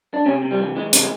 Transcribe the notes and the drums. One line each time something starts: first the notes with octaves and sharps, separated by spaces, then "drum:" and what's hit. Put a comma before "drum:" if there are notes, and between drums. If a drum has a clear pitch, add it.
D4
C3 C#4
C3
G3
E3
E3 G#3
C3, drum: hi-hat
G#3